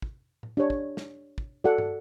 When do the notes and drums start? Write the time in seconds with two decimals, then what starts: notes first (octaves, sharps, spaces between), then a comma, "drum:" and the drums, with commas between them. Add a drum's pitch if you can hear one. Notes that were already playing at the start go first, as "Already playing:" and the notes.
0.02 drum: kick
0.43 drum: tom A2
0.57 D4 G4 C#5
0.70 drum: kick
0.97 drum: snare
1.38 drum: kick
1.64 F#4 A4 D5 F#5
1.78 drum: tom